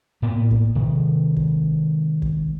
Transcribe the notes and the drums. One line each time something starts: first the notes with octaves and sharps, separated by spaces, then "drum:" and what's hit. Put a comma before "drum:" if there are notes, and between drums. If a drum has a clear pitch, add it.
A2 A#3 B3
drum: kick
C3 D#3 G#3
drum: kick
drum: kick